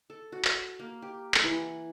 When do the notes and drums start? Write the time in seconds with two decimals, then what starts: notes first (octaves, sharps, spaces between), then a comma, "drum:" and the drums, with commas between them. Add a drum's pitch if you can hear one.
0.10 A4
0.32 F#4
0.45 drum: clap
0.79 A#3
1.02 G4
1.34 drum: clap
1.44 E3
1.57 F#5